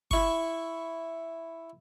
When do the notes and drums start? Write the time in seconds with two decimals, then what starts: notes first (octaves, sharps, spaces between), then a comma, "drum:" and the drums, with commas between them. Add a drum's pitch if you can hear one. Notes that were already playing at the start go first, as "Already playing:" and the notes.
0.11 E4 C#6, drum: kick F#1